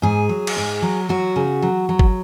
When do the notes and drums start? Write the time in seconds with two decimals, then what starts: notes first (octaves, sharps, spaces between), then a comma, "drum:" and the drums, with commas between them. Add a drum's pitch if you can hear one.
0.02 G#2 G#4
0.29 F#3
0.47 drum: cymbal
0.57 G#2
0.82 F#3
1.09 F#3 F#4
1.36 C#3
1.62 F#3
1.89 F#3
1.99 drum: kick G#1